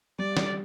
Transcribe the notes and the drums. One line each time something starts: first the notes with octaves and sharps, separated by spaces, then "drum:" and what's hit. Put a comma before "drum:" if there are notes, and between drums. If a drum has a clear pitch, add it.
G3 D5
drum: snare